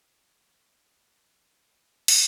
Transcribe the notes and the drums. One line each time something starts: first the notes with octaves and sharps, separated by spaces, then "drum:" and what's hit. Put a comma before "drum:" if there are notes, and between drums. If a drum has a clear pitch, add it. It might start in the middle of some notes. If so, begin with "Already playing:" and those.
Already playing: B4
C#3
A3
F3
C#4
C#3
A3
F3, drum: cymbal